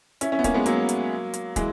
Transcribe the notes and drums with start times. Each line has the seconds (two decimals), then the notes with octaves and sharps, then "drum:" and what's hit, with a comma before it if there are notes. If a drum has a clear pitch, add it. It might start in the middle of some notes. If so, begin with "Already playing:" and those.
0.21 C#4 E4, drum: hi-hat
0.32 C#4 E4
0.39 B3
0.44 A#3 C#4, drum: kick, hi-hat
0.54 G#3 B3
0.66 F#3 A#3, drum: hi-hat
0.89 drum: hi-hat
1.34 drum: hi-hat
1.56 E3 G#3, drum: kick, hi-hat